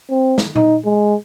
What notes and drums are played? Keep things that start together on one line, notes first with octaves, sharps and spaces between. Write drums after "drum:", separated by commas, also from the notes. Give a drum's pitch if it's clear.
C4
drum: snare
D#4, drum: tom A#2
G#3